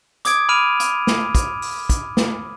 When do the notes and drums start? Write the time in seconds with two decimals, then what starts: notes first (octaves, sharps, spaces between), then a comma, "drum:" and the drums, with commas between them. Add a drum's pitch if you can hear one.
0.25 D6 D#6 G#6 D7, drum: hi-hat
0.49 B5 D6 F6 D7 D#7 F7
0.80 drum: hi-hat
1.07 drum: snare
1.35 drum: kick, hi-hat
1.62 drum: open hi-hat
1.89 drum: kick, hi-hat
2.17 drum: snare